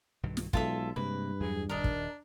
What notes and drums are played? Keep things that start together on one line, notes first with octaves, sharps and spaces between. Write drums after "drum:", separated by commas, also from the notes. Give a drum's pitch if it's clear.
B1 G2 D#3
drum: snare
B1 G#3 F4 A4 E5, drum: kick
G2 C3 G#3 A#3 B4
E2 F#3 G#4
D#1 D#3 D4 A#4 D#5
drum: kick